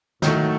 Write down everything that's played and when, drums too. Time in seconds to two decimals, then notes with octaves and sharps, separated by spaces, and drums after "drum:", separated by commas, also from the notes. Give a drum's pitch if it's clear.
0.22 A2 D#3 F#3 A3, drum: snare